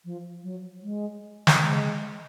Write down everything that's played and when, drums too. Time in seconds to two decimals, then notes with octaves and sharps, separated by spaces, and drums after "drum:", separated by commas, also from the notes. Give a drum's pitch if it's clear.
0.05 F3
0.43 F#3
0.82 G#3
1.47 drum: snare
1.58 G#3